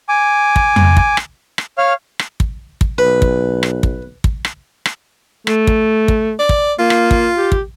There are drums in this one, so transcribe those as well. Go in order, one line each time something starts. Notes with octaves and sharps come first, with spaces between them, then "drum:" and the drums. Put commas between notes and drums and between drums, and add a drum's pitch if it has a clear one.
G#5 D6
drum: kick
drum: tom F2
drum: kick
drum: rim click
drum: rim click
C#5 F5 F6
drum: rim click
drum: kick
drum: kick
B1 B4
drum: kick
drum: rim click
drum: kick
drum: kick
drum: rim click
drum: rim click
A3, drum: rim click
drum: kick
drum: kick
D5
drum: kick
A#3 F4
drum: rim click
drum: kick
G4
drum: kick